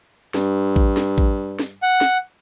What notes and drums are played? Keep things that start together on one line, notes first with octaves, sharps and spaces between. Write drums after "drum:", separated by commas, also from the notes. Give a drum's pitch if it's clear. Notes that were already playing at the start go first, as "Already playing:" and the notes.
G2, drum: snare
drum: kick A1
drum: snare
drum: kick A1
drum: snare
F#5
drum: snare